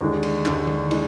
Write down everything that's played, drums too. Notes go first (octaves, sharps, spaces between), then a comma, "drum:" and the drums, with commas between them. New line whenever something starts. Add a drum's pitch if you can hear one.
D#2 D3 G#3 D4
drum: cymbal
D#2 D3 G#3 D4, drum: clap
drum: tom D3
D3 G#3 D4, drum: cymbal